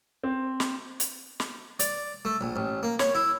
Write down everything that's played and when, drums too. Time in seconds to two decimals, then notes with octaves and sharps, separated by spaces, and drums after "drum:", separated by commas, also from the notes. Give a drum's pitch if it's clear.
0.23 C4
0.60 drum: snare
1.00 drum: hi-hat
1.40 drum: snare
1.79 D5, drum: hi-hat
2.25 A3
2.41 A#1
2.56 A1
2.83 A#3
2.99 C#5, drum: snare
3.15 E4